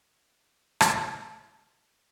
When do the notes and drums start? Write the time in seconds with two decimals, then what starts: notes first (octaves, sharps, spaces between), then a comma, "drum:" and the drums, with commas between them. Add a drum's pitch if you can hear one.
0.13 F#2 B2 D3
0.46 G1
0.81 drum: rim click
1.64 A1